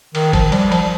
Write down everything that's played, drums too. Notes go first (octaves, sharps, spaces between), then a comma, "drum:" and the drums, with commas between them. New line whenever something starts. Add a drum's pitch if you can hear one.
D#3, drum: cymbal
F3, drum: kick G1, cymbal
G3, drum: cymbal
F3, drum: cymbal